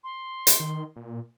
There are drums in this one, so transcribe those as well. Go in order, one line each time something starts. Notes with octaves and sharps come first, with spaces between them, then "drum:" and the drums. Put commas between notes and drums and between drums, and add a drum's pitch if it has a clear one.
C6
drum: hi-hat
D#3
A#2